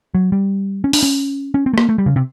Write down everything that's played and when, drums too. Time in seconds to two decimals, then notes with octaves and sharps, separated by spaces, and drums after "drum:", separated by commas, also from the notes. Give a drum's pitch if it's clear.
0.15 F#3
0.32 G3
0.84 C#4
0.93 D4, drum: open hi-hat
1.03 C#4
1.54 C#4
1.66 C4
1.74 A3
1.78 A#3, drum: rim click
1.89 A3
1.98 G3
2.06 C#3
2.16 C3